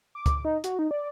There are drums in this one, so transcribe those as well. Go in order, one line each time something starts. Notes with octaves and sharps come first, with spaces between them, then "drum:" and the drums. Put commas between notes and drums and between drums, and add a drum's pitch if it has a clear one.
D6
drum: kick, hi-hat
D#4
F#4, drum: hi-hat
D#4
D5